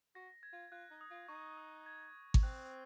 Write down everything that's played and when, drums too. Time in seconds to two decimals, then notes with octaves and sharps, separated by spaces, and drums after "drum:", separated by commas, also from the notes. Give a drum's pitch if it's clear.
0.15 F#4 A#6
0.43 G#6
0.53 F4
0.72 F4 F#6
0.91 D#4
1.01 D#6
1.11 F4
1.28 D#4 C#6
1.58 D#6
1.86 G#6
2.34 G#6, drum: kick G#1
2.43 C4 F#6